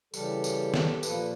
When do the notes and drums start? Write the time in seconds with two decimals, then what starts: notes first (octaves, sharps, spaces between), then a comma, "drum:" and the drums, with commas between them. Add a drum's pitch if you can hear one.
0.14 C#3 E3 G3 G4 A4, drum: tambourine
0.44 drum: tambourine
0.74 drum: snare
1.03 A#2 F3 A#3 A4 B4, drum: tambourine